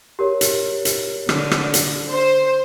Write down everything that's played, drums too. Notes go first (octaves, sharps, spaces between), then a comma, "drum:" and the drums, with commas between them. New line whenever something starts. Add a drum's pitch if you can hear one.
G4 A#4 C#5
drum: hi-hat
drum: hi-hat
D3, drum: rim click
drum: rim click
drum: hi-hat
C5